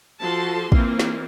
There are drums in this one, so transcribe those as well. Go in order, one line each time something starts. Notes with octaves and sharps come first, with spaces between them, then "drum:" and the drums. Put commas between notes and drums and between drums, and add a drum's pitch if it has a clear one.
F3 F#4 A4 A5 C6
E3 A#3 C4 F4, drum: kick
drum: snare